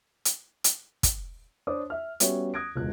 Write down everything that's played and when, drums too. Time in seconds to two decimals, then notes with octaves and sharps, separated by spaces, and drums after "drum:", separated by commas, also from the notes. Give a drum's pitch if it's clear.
0.25 drum: hi-hat
0.64 drum: hi-hat
1.03 drum: kick, hi-hat
1.67 D4 C5 C#5 D6 D#6
1.90 E5 F6
2.20 G3 B3 C#4 F#4 C#5 E5, drum: hi-hat
2.54 D#6 F#6 G#6 A#6 D7
2.75 E1 C#2 F#6